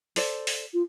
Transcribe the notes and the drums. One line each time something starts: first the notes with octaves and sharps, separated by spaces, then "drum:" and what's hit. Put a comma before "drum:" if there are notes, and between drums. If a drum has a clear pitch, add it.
A4 C5 D5, drum: open hi-hat
drum: open hi-hat
F4